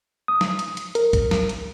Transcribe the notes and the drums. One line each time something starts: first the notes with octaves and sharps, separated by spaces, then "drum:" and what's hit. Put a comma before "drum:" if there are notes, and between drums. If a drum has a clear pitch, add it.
D#6
drum: snare
drum: hi-hat
drum: hi-hat
A#4, drum: hi-hat
drum: kick, hi-hat
drum: snare
drum: hi-hat